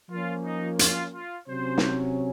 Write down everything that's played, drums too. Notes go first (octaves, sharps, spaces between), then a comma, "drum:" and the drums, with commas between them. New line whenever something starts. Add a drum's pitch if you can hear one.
F3 A#3 C#4 F4
D#4
F4, drum: hi-hat
F4
C3 F#3 C#4 C5
drum: snare